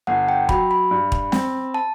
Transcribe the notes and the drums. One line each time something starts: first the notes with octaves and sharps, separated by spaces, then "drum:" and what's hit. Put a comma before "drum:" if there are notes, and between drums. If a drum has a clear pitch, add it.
G1 F#5
G5
F#3 B5, drum: kick
B5
G2
drum: kick
C4, drum: snare
A5